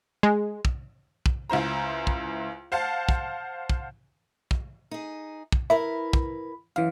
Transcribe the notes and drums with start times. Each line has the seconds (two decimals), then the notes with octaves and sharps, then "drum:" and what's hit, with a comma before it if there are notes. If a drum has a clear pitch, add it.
0.23 G#3
0.65 drum: kick
1.26 drum: kick
1.50 C#2 E4 C5 A#5
2.07 drum: kick
2.72 C5 F5 F#5 A5
3.09 drum: kick
3.70 drum: kick
4.51 drum: kick
4.91 D#4 G#4
5.52 drum: kick
5.70 E4 A#4 B4 E5 B5
6.13 drum: kick
6.76 F#2 E3 F5